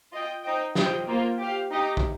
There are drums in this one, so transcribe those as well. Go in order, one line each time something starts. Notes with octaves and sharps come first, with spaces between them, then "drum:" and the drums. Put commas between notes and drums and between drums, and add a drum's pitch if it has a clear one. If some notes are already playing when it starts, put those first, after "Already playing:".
F4 D#5 G5
D#4 C5 D#5 G5
F4 C5 D#5 G5, drum: snare
A#3 F4 C5
G4 C5 F5
D#4 G4 D#5 G5
drum: kick